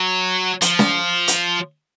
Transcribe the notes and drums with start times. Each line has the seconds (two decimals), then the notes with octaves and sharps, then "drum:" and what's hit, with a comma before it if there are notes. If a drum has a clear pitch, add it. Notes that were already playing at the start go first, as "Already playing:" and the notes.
Already playing: F#3
0.61 F3, drum: hi-hat
0.79 drum: snare
1.28 drum: hi-hat